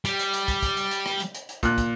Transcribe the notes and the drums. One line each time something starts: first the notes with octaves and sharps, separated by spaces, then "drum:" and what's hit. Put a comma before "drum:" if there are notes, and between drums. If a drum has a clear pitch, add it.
G3, drum: hi-hat
drum: hi-hat
drum: hi-hat
drum: kick, hi-hat
drum: kick, hi-hat
drum: hi-hat
drum: hi-hat
drum: rim click
drum: hi-hat
drum: hi-hat
drum: hi-hat
A#2 F#6, drum: kick, hi-hat
drum: kick, hi-hat